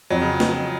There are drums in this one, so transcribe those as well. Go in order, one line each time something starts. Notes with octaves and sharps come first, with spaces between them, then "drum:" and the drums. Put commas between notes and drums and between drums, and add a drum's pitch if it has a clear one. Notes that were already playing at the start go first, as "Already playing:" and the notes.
F2 F#3
C#3
drum: snare